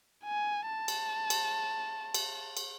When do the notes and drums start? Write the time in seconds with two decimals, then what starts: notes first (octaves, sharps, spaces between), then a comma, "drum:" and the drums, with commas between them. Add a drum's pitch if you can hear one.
0.24 G#5
0.67 A5
0.88 drum: cymbal
1.30 drum: cymbal
2.14 drum: cymbal
2.57 drum: cymbal